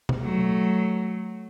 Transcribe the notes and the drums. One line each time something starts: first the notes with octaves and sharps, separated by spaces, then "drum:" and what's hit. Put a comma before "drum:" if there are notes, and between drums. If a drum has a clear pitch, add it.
drum: tom B2
F#3 A3